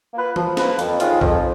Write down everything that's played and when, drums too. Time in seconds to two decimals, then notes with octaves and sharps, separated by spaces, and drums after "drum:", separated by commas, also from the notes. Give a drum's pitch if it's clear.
0.14 A#3 F4 B4
0.36 F3, drum: tom E3
0.57 A#3 F4 B4, drum: snare
0.79 F2, drum: hi-hat
1.00 D#3 G#3 C#4 F4, drum: hi-hat
1.21 F2, drum: kick A#1